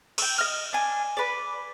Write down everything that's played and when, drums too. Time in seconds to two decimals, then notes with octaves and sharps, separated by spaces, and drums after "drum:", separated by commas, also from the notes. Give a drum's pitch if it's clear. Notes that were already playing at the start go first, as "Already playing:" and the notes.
0.18 G5 E6, drum: cymbal
0.38 D#5 F6
0.73 D4 G#5
1.17 B4 D5